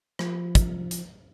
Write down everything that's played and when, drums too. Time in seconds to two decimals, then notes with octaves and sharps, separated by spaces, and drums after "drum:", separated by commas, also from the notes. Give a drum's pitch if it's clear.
0.19 F3, drum: rim click
0.55 drum: kick, hi-hat
0.91 drum: hi-hat